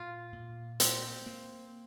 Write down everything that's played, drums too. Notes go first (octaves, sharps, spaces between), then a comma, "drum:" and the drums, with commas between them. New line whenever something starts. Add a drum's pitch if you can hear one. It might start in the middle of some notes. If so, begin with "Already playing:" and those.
Already playing: A#2 F4
A#2
A#3 C4, drum: hi-hat
A#3